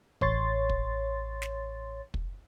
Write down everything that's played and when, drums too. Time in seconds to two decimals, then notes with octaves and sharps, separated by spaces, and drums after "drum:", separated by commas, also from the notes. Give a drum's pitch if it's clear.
0.21 A1 C#5 C6 A6, drum: kick
0.69 drum: kick
1.42 drum: snare
2.14 drum: kick